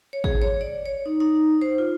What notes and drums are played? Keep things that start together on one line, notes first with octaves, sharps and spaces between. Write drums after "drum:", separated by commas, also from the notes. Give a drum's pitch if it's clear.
C#5
G#4, drum: kick
C#5
D5
C#5
D#4
D#4
C5
F4